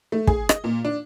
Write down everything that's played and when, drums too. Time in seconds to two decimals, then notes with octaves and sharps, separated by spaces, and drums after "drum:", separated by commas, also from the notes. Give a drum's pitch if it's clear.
0.12 A3
0.27 G#4, drum: kick
0.49 D#5, drum: rim click
0.64 A#2
0.85 D4